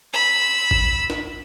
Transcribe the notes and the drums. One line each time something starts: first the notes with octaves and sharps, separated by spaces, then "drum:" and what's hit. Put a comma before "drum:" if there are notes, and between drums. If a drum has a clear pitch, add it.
B5 E6
drum: kick
drum: snare